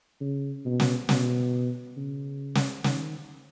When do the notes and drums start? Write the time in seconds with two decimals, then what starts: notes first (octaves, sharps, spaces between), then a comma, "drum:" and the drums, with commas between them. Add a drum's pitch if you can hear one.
0.21 C#3
0.65 B2
0.80 drum: snare
1.09 B2, drum: snare
1.97 C#3
2.55 drum: snare
2.84 D#3, drum: snare